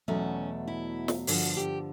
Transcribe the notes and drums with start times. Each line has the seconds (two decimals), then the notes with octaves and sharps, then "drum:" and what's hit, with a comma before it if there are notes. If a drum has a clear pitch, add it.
0.08 E2 B2 F#3 A3 C#4
0.68 E4
1.08 drum: snare
1.27 G2 D3 F3 F#4, drum: open hi-hat
1.57 G4